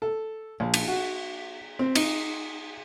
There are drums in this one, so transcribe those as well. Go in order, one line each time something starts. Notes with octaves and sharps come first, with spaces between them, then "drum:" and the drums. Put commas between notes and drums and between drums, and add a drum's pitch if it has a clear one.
A4
A#1
drum: cymbal
F#4
C4
D#4, drum: cymbal